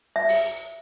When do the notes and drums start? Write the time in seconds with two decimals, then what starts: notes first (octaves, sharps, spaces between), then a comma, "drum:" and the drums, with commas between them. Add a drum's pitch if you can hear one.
0.16 E5
0.29 drum: open hi-hat